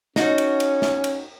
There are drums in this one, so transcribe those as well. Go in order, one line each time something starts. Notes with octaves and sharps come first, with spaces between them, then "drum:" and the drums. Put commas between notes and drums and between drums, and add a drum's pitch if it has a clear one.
C#4 D#4 F#4, drum: snare
drum: cymbal
drum: cymbal
drum: snare
drum: cymbal